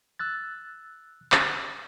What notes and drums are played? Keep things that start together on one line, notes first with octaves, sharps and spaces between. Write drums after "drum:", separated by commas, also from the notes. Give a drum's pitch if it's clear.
E6 F#6 A6
drum: clap